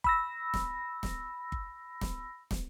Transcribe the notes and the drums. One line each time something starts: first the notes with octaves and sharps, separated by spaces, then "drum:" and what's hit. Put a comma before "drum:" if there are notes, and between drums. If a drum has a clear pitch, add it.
B5 E6 A#6, drum: kick G1
drum: snare
drum: snare
drum: kick G1
drum: snare
drum: snare